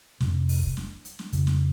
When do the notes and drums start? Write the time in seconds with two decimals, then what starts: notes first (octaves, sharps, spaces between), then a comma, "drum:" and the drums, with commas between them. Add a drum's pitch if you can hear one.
0.20 F2 C3, drum: snare
0.49 drum: open hi-hat
0.63 drum: kick
0.77 drum: snare
1.05 drum: hi-hat
1.19 drum: snare
1.32 F2 C#3, drum: hi-hat
1.47 drum: snare